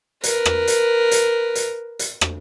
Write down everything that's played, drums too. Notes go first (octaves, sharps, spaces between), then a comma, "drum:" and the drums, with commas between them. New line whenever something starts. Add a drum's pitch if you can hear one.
A#4 B4, drum: hi-hat
drum: rim click
drum: hi-hat
drum: hi-hat
drum: hi-hat
drum: hi-hat
drum: rim click